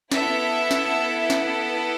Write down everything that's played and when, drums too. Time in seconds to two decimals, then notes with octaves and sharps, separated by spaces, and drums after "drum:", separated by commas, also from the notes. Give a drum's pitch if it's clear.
0.12 B3 E4 A4 E5, drum: snare
0.71 drum: snare
1.30 drum: snare